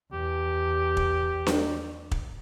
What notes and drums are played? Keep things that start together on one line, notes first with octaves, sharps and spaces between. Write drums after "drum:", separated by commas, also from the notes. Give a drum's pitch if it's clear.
E2 G4
drum: kick
drum: snare D4
drum: kick